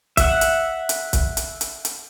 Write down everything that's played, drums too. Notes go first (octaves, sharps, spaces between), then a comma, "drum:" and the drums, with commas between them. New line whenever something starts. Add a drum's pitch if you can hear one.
E5 F#5, drum: kick, hi-hat
drum: hi-hat
drum: hi-hat
drum: kick, hi-hat
drum: hi-hat
drum: hi-hat
drum: hi-hat